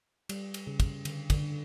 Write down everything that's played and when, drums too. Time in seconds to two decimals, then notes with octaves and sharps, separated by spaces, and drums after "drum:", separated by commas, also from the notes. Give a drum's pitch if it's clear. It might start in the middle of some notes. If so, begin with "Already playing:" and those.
0.29 G3, drum: cymbal
0.54 drum: cymbal
0.67 C#3
0.80 drum: kick, cymbal
1.05 D3, drum: cymbal
1.30 D3, drum: kick, cymbal